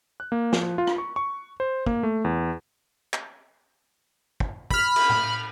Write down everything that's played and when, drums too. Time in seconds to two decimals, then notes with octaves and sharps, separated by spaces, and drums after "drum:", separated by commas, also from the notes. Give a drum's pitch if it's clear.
0.20 F#6
0.32 A#3
0.53 F3, drum: snare
0.78 F4
0.87 drum: rim click
0.98 C#6
1.16 C#6
1.60 C5
1.86 A#3, drum: kick
2.03 A3
2.25 E2
3.14 drum: clap
4.40 drum: kick
4.71 B5 F6, drum: kick
4.96 drum: cymbal
5.10 drum: tom